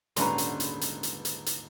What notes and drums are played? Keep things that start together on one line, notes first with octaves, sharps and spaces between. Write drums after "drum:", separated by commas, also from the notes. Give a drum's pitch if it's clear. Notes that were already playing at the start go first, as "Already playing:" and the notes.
D#1 G#2 D3 C#4 B4 A#5 C6, drum: hi-hat
drum: hi-hat
drum: hi-hat
drum: hi-hat
drum: hi-hat
drum: hi-hat
drum: hi-hat